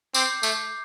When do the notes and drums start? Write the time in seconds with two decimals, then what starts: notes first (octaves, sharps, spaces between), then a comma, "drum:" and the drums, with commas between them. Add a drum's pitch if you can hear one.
0.14 C4 D6 G6 C7, drum: tambourine
0.43 A3, drum: tambourine